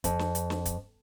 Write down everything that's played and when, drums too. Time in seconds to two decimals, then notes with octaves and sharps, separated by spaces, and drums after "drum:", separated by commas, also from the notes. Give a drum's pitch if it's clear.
0.04 F2, drum: kick, hi-hat
0.19 drum: snare
0.35 drum: hi-hat
0.50 drum: snare
0.65 drum: kick, hi-hat